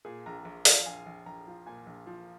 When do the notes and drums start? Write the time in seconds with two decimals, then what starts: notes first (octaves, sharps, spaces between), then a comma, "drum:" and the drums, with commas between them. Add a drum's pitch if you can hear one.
0.05 A#2 G#4
0.26 A#1 A#5
0.45 A#1
0.65 F3 F5, drum: open hi-hat
0.86 A#1 G#5
1.06 A#1
1.26 A#1 A#5
1.47 F3
1.66 A#2 G#5
1.87 A#1
2.07 F3